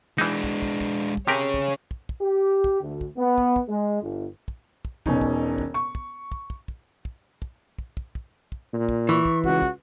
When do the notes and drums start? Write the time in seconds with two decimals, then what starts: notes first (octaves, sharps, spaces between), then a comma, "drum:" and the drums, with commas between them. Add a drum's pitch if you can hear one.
0.18 E3 G#3 D4 D#4
0.44 drum: kick
0.62 drum: kick
0.81 drum: kick
1.17 drum: kick
1.28 C3 C#4 G4 G#4 A#4 C#5
1.54 drum: kick
1.91 drum: kick
2.09 drum: kick
2.21 G4
2.64 drum: kick
2.81 D2
3.01 drum: kick
3.17 B3
3.38 drum: kick
3.56 drum: kick
3.68 G#3
4.02 G1
4.48 drum: kick
4.85 drum: kick
5.06 E1 B2 C#4 D#4, drum: kick
5.21 drum: kick
5.58 drum: kick
5.74 C#6
5.95 drum: kick
6.32 drum: kick
6.50 drum: kick
6.68 drum: kick
7.05 drum: kick
7.42 drum: kick
7.78 drum: kick
7.97 drum: kick
8.15 drum: kick
8.52 drum: kick
8.73 A#2
8.89 drum: kick
9.09 E3 C#6
9.25 drum: kick
9.44 C#2 F#4, drum: kick
9.62 drum: kick